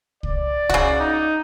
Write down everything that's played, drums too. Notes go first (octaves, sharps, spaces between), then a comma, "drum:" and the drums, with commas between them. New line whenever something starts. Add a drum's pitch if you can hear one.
D5, drum: kick C2
C#3 F#4, drum: kick C2
D#4